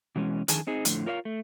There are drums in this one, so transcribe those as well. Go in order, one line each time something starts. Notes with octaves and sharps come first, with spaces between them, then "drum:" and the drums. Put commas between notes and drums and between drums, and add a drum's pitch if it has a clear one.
B2 E3 G#3 C#4
F2 D3 D#3 G#4 G#5 A5, drum: hi-hat
C4 D#4 G#4
F2 A2 D3, drum: hi-hat
F4 A#4 C#5 D#5 F5
A3